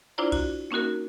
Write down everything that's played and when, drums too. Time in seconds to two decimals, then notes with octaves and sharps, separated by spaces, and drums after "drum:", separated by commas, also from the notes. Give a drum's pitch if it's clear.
0.18 D4 E4 F4 C5 D5 A#5
0.32 F#4, drum: kick C2, cymbal
0.71 A#3 C#4 D#4 F#4 A#4